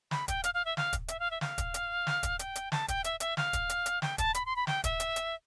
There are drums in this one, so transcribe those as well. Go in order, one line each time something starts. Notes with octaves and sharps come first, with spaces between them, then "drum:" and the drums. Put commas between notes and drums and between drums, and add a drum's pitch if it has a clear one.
B5, drum: snare
G5, drum: kick, hi-hat
F5, drum: hi-hat
F5
E5
F5, drum: snare
drum: kick, hi-hat
E5, drum: hi-hat
F5
E5
F5, drum: snare
drum: kick, hi-hat
drum: hi-hat
drum: snare
drum: kick, hi-hat
G5, drum: hi-hat
drum: hi-hat
A5, drum: snare
G5, drum: kick, hi-hat
E5, drum: hi-hat
E5, drum: hi-hat
F5, drum: snare
drum: kick, hi-hat
drum: hi-hat
drum: hi-hat
G5, drum: snare
A5, drum: kick, hi-hat
B5, drum: hi-hat
C6
B5
G5, drum: snare
E5, drum: kick, hi-hat
drum: hi-hat
drum: hi-hat